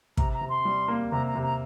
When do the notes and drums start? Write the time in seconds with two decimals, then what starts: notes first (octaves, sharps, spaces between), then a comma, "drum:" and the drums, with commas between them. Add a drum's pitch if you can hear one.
0.17 C3 A#5, drum: kick
0.34 A#5
0.41 C3
0.49 C6
0.65 G3
0.88 A#3
1.12 C3 A#5
1.28 A#5
1.35 C3
1.43 A#5